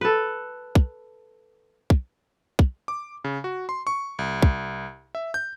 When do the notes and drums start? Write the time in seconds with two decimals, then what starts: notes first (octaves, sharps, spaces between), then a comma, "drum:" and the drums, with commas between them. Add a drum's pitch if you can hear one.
0.01 A4 B4
0.75 drum: kick
1.90 drum: kick
2.59 drum: kick
2.88 D6
3.24 C#3
3.44 F#4
3.69 C6
3.87 C#6
4.19 C2
4.42 drum: kick
5.15 E5
5.34 G6